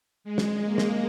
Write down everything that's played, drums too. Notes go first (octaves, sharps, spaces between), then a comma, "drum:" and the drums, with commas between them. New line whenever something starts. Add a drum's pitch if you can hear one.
G#3
drum: snare
A#3
drum: snare